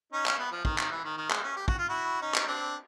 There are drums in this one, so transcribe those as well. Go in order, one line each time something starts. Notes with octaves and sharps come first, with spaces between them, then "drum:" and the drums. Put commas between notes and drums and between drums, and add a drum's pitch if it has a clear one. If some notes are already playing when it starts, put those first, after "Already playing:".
C#4 D#4
C#4, drum: clap
B3
F3
D#3, drum: kick
D#3, drum: clap
E3
D#3
D#3
G#3, drum: clap
C#4
G4
F#4, drum: kick
F4
E4 F#4
C#4 D#4
drum: clap
C4 D4